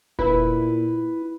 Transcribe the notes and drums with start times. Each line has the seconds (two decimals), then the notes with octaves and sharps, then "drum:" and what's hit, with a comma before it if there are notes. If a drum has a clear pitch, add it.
0.19 A#2 E4 B4, drum: kick E1